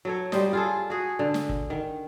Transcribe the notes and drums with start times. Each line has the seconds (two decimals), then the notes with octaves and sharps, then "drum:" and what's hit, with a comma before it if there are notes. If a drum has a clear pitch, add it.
0.05 F#3 A4 C#5
0.32 G3 C5 D#5, drum: snare
0.53 F4 G#4 A4
0.90 F#4 G#4
1.19 D3
1.34 drum: snare
1.49 drum: kick
1.70 D#3